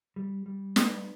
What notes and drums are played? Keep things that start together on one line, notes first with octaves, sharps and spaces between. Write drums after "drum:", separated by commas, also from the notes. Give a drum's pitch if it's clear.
G3
G3
B3, drum: snare